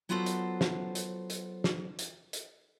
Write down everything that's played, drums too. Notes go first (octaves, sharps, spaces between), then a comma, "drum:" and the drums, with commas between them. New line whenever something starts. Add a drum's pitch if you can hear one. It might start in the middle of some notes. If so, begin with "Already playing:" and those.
F#3 B3 F4 F#4 A4 C5
drum: hi-hat
drum: snare
drum: hi-hat
drum: hi-hat
drum: snare
drum: hi-hat
drum: hi-hat